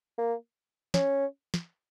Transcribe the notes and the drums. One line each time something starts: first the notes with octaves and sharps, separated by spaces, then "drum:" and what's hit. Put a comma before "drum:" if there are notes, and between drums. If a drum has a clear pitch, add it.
A#3
C#4, drum: snare
drum: snare